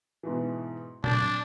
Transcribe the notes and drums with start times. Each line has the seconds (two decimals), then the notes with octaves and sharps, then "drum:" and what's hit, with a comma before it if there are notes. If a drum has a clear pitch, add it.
0.23 G#2 B2 E3
1.04 D4 G6 A6, drum: tom A#2